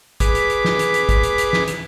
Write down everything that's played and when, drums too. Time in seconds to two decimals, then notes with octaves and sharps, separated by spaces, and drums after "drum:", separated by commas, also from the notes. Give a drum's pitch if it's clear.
0.20 G#4 B4 D6 B6, drum: kick, hi-hat
0.35 drum: hi-hat
0.50 drum: hi-hat
0.65 drum: snare
0.79 drum: hi-hat
0.94 drum: hi-hat
1.09 drum: kick, hi-hat
1.23 drum: hi-hat
1.38 drum: hi-hat
1.53 drum: snare
1.68 drum: hi-hat